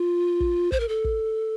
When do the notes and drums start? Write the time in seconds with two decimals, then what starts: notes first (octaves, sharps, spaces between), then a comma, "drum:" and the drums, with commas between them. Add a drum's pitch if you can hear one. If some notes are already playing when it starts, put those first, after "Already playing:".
Already playing: F4
0.40 drum: kick
0.72 C5, drum: kick
0.80 A#4
0.88 A4
1.04 drum: kick